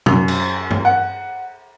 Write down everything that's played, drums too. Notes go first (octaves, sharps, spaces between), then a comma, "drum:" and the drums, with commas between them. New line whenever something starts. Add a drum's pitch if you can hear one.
F#2, drum: tom B2
drum: cymbal
drum: tom G2
F#5